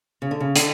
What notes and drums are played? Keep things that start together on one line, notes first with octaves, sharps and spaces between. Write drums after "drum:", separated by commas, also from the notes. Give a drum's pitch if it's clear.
C#3
D3
C#3
D3, drum: hi-hat